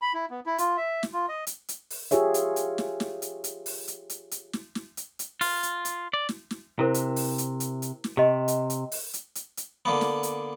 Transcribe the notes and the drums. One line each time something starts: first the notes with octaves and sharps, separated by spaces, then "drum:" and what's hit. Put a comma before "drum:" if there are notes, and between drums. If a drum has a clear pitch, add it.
B5
E4
B3
E4
F4, drum: hi-hat
E5
drum: snare
F4
D#5
drum: hi-hat
drum: hi-hat
drum: open hi-hat
F4 G4 G#4 C#5 E5, drum: hi-hat
drum: hi-hat
drum: hi-hat
drum: snare
drum: snare
drum: hi-hat
drum: hi-hat
drum: open hi-hat
drum: hi-hat
drum: hi-hat
drum: hi-hat
drum: snare
drum: snare
drum: hi-hat
drum: hi-hat
F4, drum: open hi-hat
drum: hi-hat
drum: hi-hat
D5
drum: snare
drum: snare
C3 E4 A#4 C5
drum: hi-hat
drum: open hi-hat
drum: hi-hat
drum: hi-hat
drum: hi-hat
drum: snare
C3 G4 D#5
drum: hi-hat
drum: hi-hat
drum: open hi-hat
drum: hi-hat
drum: hi-hat
drum: hi-hat
D3 A#3 B3
drum: snare
drum: hi-hat